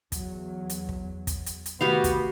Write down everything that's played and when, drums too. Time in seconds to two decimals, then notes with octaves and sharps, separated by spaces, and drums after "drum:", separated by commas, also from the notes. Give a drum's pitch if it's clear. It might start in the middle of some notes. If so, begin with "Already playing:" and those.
0.12 E2 F#3, drum: kick, hi-hat
0.70 drum: hi-hat
0.89 drum: kick
1.27 drum: kick, hi-hat
1.46 drum: hi-hat
1.66 drum: hi-hat
1.81 C3 D#3 A3 B3 F#4 G4 F5
2.04 drum: kick, hi-hat